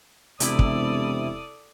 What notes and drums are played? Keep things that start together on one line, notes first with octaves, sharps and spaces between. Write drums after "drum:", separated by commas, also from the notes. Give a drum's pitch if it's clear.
E1 C3 E4 A4 D5 D#6, drum: hi-hat
drum: kick